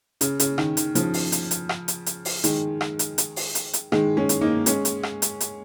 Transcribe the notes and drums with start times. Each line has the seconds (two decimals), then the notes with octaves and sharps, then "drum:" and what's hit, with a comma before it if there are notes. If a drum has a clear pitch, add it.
0.21 C#3, drum: hi-hat
0.40 C#3, drum: hi-hat
0.58 D#3, drum: rim click
0.77 D#3, drum: hi-hat
0.95 C#3 F3, drum: hi-hat
1.14 drum: open hi-hat
1.32 drum: hi-hat
1.51 drum: hi-hat
1.69 drum: rim click
1.88 drum: hi-hat
2.06 drum: hi-hat
2.25 drum: open hi-hat
2.44 D#3 G#3, drum: hi-hat
2.81 drum: rim click
2.99 drum: hi-hat
3.18 drum: hi-hat
3.36 drum: open hi-hat
3.55 drum: hi-hat
3.73 drum: hi-hat
3.92 D#3 G#3, drum: rim click
4.17 G#3 C#4
4.29 drum: hi-hat
4.41 A#3 D#4
4.66 G#3 C#4, drum: hi-hat
4.85 drum: hi-hat
5.03 drum: rim click
5.22 drum: hi-hat
5.40 drum: hi-hat